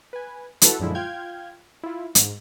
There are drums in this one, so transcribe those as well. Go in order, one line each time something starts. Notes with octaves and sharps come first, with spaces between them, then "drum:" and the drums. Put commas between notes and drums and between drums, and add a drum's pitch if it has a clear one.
B4 G#5
E4 F#4 A4 B4, drum: hi-hat
F#2 A#2 D3 F3 G#3 E4
F4 F5 G5 F6 G6 G#6
E4 F4
G#2, drum: hi-hat